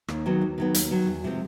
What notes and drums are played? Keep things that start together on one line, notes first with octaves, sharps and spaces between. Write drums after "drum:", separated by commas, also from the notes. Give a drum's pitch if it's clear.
D#2, drum: rim click
D#3 F#3 B3
D#2
D#3 F#3 B3
D#2, drum: hi-hat
D#3 F#3 B3
E2
C3 F3 G#3 C4